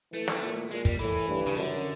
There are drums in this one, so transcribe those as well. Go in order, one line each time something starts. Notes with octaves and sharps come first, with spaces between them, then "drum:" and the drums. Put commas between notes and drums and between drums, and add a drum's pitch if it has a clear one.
E3 A3
drum: snare
A#2
A#2 G#3
G3, drum: kick
A2 E3
G2
C#3
F#2 D3